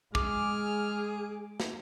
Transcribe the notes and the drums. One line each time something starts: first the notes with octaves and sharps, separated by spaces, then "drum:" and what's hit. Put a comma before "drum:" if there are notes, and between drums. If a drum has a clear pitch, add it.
G#3 G#4 D6 F6, drum: kick
drum: snare